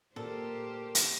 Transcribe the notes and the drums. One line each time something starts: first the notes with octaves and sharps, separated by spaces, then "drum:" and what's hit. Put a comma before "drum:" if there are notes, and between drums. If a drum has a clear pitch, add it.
A#2 G4 A4 A#4 C5
drum: hi-hat